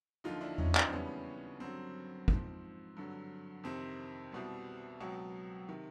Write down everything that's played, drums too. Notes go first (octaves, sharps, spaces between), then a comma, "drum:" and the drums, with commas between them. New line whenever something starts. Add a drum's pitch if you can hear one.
D#2 D3 F3 D#4 F4
D4 E4
C#4 D#4, drum: tom E2
C4 D4, drum: clap
D4
D#2 C#3 E3 G3 B3 C#4
G2 D3 F#3 C4
G#2 F3, drum: kick
G2 D3 F#3
F2 C3 D#3 C4
C2 B2 G3
C#2 B2 F#3
C3 D#3